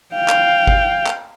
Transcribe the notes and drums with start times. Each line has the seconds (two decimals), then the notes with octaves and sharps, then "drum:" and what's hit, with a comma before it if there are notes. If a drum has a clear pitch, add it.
0.15 F5 G5
0.28 drum: clap
0.67 drum: kick G1
1.07 drum: clap